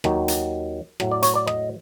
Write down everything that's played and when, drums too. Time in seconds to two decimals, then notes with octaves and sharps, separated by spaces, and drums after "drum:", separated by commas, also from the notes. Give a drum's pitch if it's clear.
0.04 D#2 D#3 F#3, drum: rim click
0.28 drum: hi-hat
1.00 A2 F#3, drum: rim click
1.11 D5
1.22 C#5, drum: hi-hat
1.35 D5
1.47 D#5, drum: rim click